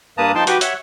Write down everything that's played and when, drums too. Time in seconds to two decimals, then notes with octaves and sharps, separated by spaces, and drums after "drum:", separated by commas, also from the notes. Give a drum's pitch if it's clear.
0.18 G2 A#3 B4 A5 A#5 D#6
0.35 F3 D#4 G5 A5 C6
0.47 F#4 G4 B4 G5 C#6 D6, drum: hi-hat
0.61 C#5 E5 F#5, drum: hi-hat